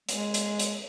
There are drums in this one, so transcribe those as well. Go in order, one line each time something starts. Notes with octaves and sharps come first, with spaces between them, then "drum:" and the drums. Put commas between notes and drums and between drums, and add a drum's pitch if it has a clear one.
G#3, drum: hi-hat
drum: hi-hat
drum: hi-hat